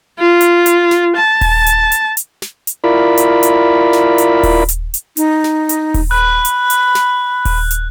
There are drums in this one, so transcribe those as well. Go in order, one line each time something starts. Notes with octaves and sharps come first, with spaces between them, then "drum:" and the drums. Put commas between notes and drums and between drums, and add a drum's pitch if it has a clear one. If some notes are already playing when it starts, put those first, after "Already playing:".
F4
drum: hi-hat
drum: hi-hat
drum: snare
A5
drum: kick D#1, open hi-hat
drum: hi-hat
drum: hi-hat
drum: hi-hat
drum: snare
drum: hi-hat
E4 F4 A#4 D5 B5
drum: hi-hat
drum: hi-hat
drum: snare
drum: hi-hat
drum: kick D#1, open hi-hat
drum: hi-hat
drum: hi-hat
D#4, drum: hi-hat
drum: snare
drum: hi-hat
drum: kick D#1, open hi-hat
B5 F#6
drum: hi-hat
drum: hi-hat
drum: snare
drum: kick D#1, open hi-hat
drum: hi-hat